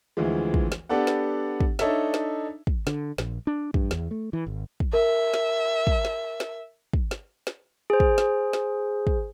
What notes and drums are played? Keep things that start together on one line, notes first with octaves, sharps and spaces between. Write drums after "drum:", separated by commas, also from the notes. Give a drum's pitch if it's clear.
D2 E3 F3 G#3
drum: kick
drum: snare
B3 D4 G4 A4 D5 F#5
drum: snare
drum: kick
D4 D#4 A4 C#5 E5, drum: snare
drum: snare
drum: kick
D3, drum: snare
A#1, drum: snare
D4
G2, drum: kick
E2, drum: snare
A3
E3
G#1
drum: kick
A#4 E5
drum: snare
drum: kick
drum: snare
drum: snare
drum: kick
drum: snare
drum: snare
G#4 C5
drum: kick
drum: snare
drum: snare
drum: kick